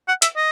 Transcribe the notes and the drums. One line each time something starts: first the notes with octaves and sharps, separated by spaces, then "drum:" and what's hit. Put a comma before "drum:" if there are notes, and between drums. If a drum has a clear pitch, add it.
F#5
E5, drum: hi-hat
D#5